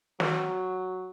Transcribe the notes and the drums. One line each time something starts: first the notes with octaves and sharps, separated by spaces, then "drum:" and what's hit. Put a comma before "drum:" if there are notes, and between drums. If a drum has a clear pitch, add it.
F#3, drum: snare